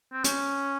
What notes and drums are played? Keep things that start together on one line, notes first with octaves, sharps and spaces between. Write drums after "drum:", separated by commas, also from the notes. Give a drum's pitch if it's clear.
C4
C#4, drum: hi-hat